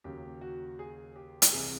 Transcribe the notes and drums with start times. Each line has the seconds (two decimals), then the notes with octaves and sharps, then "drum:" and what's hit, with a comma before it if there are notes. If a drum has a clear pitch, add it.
0.04 D#2 C#3 F#3 G4
0.41 F#4
0.79 G#4
1.16 G4
1.42 drum: hi-hat
1.52 C2 C3 E3 G#4